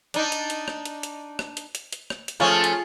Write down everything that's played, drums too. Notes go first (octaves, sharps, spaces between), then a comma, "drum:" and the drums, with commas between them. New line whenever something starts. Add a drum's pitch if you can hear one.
D4 D#4, drum: hi-hat
drum: hi-hat
drum: hi-hat
drum: rim click
drum: hi-hat
drum: hi-hat
drum: rim click
drum: hi-hat
drum: hi-hat
drum: hi-hat
drum: rim click
drum: hi-hat
F3 A3 C#4 F4 G#4 C#5
drum: hi-hat